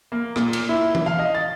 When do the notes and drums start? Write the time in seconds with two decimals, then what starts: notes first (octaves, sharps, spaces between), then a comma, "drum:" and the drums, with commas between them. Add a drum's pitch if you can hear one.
0.12 A#3
0.36 A#2, drum: rim click
0.53 drum: cymbal
0.69 E4
0.95 drum: tom E3
1.06 F5
1.19 D#5
1.35 A6